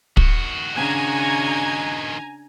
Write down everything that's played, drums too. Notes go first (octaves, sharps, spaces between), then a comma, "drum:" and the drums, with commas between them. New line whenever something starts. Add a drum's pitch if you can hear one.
D#3 F#4, drum: kick
C#3 D4 G#5 A#5